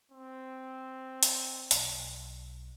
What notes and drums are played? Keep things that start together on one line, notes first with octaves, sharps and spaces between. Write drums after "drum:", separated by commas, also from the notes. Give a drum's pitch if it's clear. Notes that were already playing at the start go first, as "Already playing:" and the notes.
C4
drum: hi-hat
B1, drum: hi-hat